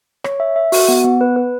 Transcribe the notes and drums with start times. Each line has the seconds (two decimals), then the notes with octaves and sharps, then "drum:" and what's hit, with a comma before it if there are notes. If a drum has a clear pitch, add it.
0.24 C#5, drum: rim click
0.40 E5
0.56 E5
0.72 F#4, drum: open hi-hat
0.88 B3
1.04 B3
1.21 B4
1.36 B4